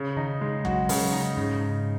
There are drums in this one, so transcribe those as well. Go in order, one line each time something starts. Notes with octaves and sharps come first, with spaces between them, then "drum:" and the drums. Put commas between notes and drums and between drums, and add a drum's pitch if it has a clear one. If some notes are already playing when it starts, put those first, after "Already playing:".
Already playing: C#3
D#3 D#4
G#3
F#3 F#4, drum: kick
C#3, drum: open hi-hat
F#3
D#4
G#2 C#3
D#4